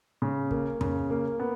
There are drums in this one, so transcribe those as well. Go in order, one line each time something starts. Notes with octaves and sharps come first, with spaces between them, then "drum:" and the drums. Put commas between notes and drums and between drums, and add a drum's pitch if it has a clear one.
C#3
A#3, drum: kick
C#3, drum: tom F2
A#3
B3